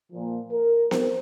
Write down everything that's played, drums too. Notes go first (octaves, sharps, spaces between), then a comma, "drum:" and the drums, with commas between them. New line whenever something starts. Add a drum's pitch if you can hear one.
A#2 F3
A#4
C5, drum: snare B3